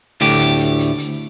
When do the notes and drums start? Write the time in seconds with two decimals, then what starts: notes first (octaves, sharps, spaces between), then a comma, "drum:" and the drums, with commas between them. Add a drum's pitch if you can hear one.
0.21 D2 A2 G4, drum: hi-hat
0.40 drum: hi-hat
0.60 drum: hi-hat
0.79 drum: hi-hat
0.98 drum: hi-hat